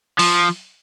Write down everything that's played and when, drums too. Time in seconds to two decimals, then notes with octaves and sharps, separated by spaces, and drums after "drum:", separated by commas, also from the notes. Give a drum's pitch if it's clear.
0.19 F3, drum: open hi-hat